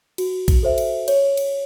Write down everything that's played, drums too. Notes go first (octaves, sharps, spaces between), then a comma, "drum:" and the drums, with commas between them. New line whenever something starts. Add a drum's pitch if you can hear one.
F#4, drum: cymbal
drum: kick A#1, cymbal
A4 C5 E5
drum: cymbal
C#5, drum: cymbal
drum: cymbal